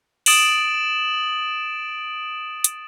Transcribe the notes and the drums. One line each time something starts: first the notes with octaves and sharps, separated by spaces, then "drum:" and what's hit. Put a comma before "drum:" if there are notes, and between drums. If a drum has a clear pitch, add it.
D#6 A6 D7 E7 F#7, drum: open hi-hat
drum: hi-hat